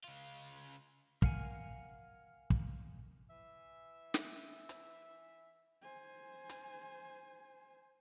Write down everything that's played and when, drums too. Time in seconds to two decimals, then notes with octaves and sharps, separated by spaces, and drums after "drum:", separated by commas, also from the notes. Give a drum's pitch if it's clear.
0.04 C#3 F4
1.22 A#4 F5 F#5 G#5, drum: kick
2.50 drum: kick
3.29 E3 E5
4.14 drum: snare
4.69 drum: hi-hat
5.82 C5 G#5
6.50 drum: hi-hat